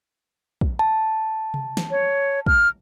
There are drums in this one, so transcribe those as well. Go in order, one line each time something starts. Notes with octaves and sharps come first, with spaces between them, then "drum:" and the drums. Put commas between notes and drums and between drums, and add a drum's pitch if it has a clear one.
drum: kick
A5
drum: tom C3
drum: snare
C#5
F6, drum: kick